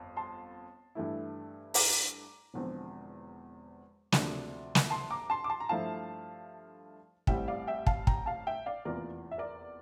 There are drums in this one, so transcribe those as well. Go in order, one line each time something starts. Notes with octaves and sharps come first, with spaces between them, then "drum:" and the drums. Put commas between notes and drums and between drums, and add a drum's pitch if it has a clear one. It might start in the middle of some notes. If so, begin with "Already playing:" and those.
Already playing: G1 F2
A5 C6
G2 E3 A3 E4
A#5 D6, drum: open hi-hat
E1 E2 D3 F3 C4
D2 C3 F3 A3 D4, drum: snare
drum: snare
A5 C6
A#5 D6
A5 C6
D6
A5 C6
A#5
G2 F3 A3 E4 F5 A5
A1 A2 G3 C4 E4 E5 G5, drum: kick
D5 F5
E5 G5
F5 A5, drum: kick
G5 A#5, drum: kick
F5 A5
E5 G5
D5 F5
F1 E2 E3 A#3 F4 A#4 D5
E5
A#4 D5